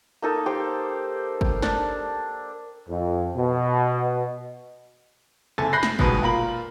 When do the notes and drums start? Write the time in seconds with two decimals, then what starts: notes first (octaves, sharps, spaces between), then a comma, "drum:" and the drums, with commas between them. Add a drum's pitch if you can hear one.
0.22 A#3 D#4 A4
0.46 G4 C5
1.41 drum: kick
1.62 D4, drum: snare
2.89 F2
3.36 B2
5.58 F#1 C3 A4 G#5 A6
5.73 B5 F#6 G6 A#6 C7
5.83 drum: snare
5.99 D#1 G#2 B2 B4, drum: kick
6.22 A#2 F4 A#4 B5 F#7